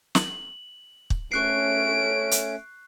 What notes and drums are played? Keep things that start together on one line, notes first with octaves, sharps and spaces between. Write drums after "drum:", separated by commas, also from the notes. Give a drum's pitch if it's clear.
F#7, drum: snare
drum: kick
A3 C#4 C#6 F#6 C7 D7
drum: hi-hat